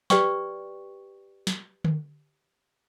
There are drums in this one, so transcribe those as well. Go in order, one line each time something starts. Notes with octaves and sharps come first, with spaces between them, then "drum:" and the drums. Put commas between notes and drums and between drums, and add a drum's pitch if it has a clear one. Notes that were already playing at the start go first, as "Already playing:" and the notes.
G4 B4 D5 G5 C#6, drum: snare
drum: snare
drum: tom D3